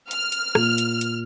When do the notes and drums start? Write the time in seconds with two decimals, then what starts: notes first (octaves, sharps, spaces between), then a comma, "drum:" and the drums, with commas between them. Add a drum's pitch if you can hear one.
0.11 F6, drum: hi-hat
0.32 drum: hi-hat
0.55 A#2, drum: rim click
0.78 drum: hi-hat
1.01 drum: hi-hat